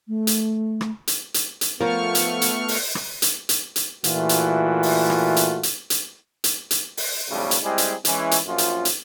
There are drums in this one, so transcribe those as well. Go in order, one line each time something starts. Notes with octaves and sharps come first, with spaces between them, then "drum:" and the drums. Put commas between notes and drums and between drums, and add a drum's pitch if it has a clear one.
A3
drum: hi-hat
drum: rim click
drum: hi-hat
drum: hi-hat
drum: hi-hat
F3 A3 B3 F4 A#4 C#6 F6
drum: hi-hat
drum: hi-hat
drum: open hi-hat
drum: rim click
drum: hi-hat
drum: hi-hat
drum: hi-hat
A#2 E3 A3 F4 F#4, drum: hi-hat
drum: hi-hat
drum: open hi-hat
drum: rim click
drum: hi-hat
drum: hi-hat
drum: hi-hat
drum: hi-hat
drum: hi-hat
drum: open hi-hat
B1 F2 A2 C#3 G3 A3
drum: hi-hat
G3 G#3 C4 E4 G4 G#4
drum: hi-hat
E3 G#3 C#4, drum: hi-hat
drum: hi-hat
A#1 F#2 F3 F4
drum: hi-hat
drum: hi-hat